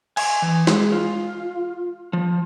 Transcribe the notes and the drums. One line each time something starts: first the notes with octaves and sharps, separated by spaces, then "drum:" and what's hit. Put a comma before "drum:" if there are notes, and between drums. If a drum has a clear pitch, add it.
G#5, drum: cymbal
E3
G#3, drum: snare
F4
F3